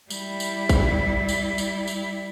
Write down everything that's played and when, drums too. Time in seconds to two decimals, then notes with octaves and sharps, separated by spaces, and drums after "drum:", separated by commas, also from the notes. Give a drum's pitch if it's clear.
0.10 G3 E4, drum: tambourine
0.40 drum: tambourine
0.69 drum: kick, tambourine
1.28 drum: tambourine
1.58 drum: tambourine
1.87 drum: tambourine